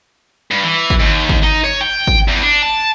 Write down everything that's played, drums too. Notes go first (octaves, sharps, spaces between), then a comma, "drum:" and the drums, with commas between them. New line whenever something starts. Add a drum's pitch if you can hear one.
G2
E3
drum: kick
D#2
drum: kick
D#4
C#5
G5
drum: kick
E2
D4
A5